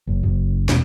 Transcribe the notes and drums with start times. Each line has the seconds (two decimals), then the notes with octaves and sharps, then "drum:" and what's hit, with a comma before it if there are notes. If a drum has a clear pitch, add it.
0.07 F#1
0.23 F#1
0.69 E1, drum: snare